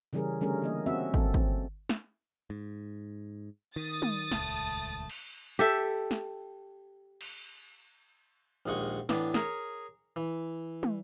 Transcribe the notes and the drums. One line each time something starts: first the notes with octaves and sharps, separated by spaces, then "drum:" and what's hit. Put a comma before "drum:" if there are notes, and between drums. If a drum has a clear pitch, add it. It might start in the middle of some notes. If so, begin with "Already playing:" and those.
C#3 E3 G3 C#4 G#4 A#4
D3 G3 A3 C#4 G#4 A#4
E3 A#3 D#5
C4 C#4 F#4 E5
C4 A4, drum: kick
C4, drum: kick
drum: snare
G#2
D#3 D#6 A6
drum: tom
D#1 C#2 A3 A5, drum: snare
drum: cymbal
G4 A4 E5
drum: snare
drum: cymbal
A#1 D#2 G#3 F#5 C#6
A2 E3 B3 D4, drum: snare
G#4 A#4 C#5, drum: snare
E3
drum: tom